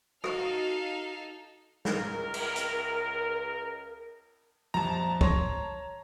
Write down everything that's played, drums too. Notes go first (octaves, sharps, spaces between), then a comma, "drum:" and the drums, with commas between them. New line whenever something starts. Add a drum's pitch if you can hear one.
D#4 F#4 A4 F5, drum: rim click
C#2 A#4, drum: snare
drum: cymbal
drum: hi-hat
A#1 F2 G3 A5 A#5
C#5 C6 A#6, drum: kick